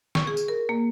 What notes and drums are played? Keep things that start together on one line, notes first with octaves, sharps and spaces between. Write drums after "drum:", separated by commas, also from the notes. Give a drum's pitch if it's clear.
C#6, drum: snare
G#4
drum: tambourine
A#4
A#3